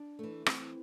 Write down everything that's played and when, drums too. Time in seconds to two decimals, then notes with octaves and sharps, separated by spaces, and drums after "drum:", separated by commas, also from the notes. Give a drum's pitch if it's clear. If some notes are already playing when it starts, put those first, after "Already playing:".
Already playing: D4
0.19 E3 A3
0.46 E3 C4, drum: rim click